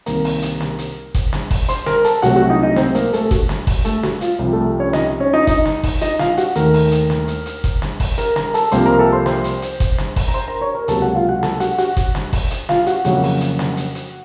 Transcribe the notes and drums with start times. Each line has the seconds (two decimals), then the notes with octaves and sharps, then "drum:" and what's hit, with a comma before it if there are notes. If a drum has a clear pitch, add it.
0.06 C2 C3 D#3 A#3 A#4 A#5, drum: hi-hat
0.24 drum: open hi-hat
0.42 drum: hi-hat
0.60 drum: snare
0.78 drum: hi-hat
1.15 drum: kick G1, hi-hat
1.33 drum: snare
1.51 drum: kick G1, open hi-hat
1.69 C5 C6, drum: hi-hat
1.86 A#4 A#5, drum: snare
2.04 A4 A5, drum: hi-hat
2.22 C2 C3 F#3 A3 F#4 F#5, drum: hi-hat
2.36 F#4 F#5
2.50 D#4 D#5
2.63 D#4 D#5
2.76 C4 C5, drum: snare
2.95 A#3 A#4, drum: hi-hat
3.13 A3 A4, drum: hi-hat
3.25 A4
3.31 F#4, drum: kick G1, hi-hat
3.49 drum: snare
3.67 drum: kick G1, open hi-hat
3.85 A3 A4, drum: hi-hat
4.03 F#4, drum: snare
4.21 F4, drum: hi-hat
4.39 C2 C3 F3
4.53 A3 A4
4.80 C#4 C#5
4.93 D#4 D#5, drum: snare
5.20 C#4 C#5
5.33 D#4 D#5
5.47 D#4 D#5, drum: kick G1, hi-hat
5.65 drum: snare
5.83 drum: kick G1, open hi-hat
6.01 D#4 D#5, drum: hi-hat
6.19 F4 F5, drum: snare
6.37 F#4 F#5, drum: hi-hat
6.55 D#2 D#3 A3 A#4 A#5, drum: hi-hat
6.74 drum: open hi-hat
6.92 drum: hi-hat
7.10 drum: snare
7.28 drum: hi-hat
7.46 drum: hi-hat
7.64 drum: kick G1, hi-hat
7.82 drum: snare
8.00 drum: kick G1, open hi-hat
8.18 A#4 A#5, drum: hi-hat
8.36 A#4 A#5, drum: snare
8.54 A4 A5, drum: hi-hat
8.71 C2 C3 F3 A#3 C5 C6, drum: hi-hat
8.86 A#4 A#5
8.99 A4 A5
9.12 C5 C6
9.26 C5 C6, drum: snare
9.44 drum: hi-hat
9.62 drum: hi-hat
9.80 drum: kick G1, hi-hat
9.98 drum: snare
10.16 drum: kick G1, open hi-hat
10.28 A#5
10.34 C5 C6
10.48 A#4 A#5
10.61 C#5 C#6
10.75 A#4 A#5
10.88 C#2 C3 F#3 A#3 A4 A5, drum: hi-hat
11.02 F#4 F#5
11.15 F4 F5
11.29 F#4 F#5
11.43 A4 A5, drum: snare
11.60 F#4 F#5, drum: hi-hat
11.78 F#4 F#5, drum: hi-hat
11.97 drum: kick G1, hi-hat
12.15 drum: snare
12.33 drum: kick G1, open hi-hat
12.51 drum: hi-hat
12.69 F4 F5, drum: snare
12.86 F#4 F#5, drum: hi-hat
13.05 F2 C#3 F#3 A#3 F#4 F#5, drum: hi-hat
13.23 drum: open hi-hat
13.41 drum: hi-hat
13.59 drum: snare
13.77 drum: hi-hat
13.95 drum: hi-hat